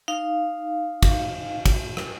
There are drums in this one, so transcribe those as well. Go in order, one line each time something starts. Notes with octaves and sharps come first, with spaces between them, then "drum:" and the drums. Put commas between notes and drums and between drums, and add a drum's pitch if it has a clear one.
D#4 F5
drum: kick, cymbal
drum: kick, cymbal
drum: rim click